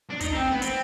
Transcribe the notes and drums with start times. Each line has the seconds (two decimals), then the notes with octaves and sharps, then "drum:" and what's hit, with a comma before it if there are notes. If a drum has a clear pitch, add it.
0.10 D4
0.20 D#4, drum: kick, hi-hat
0.34 C4
0.51 B3
0.62 C4, drum: hi-hat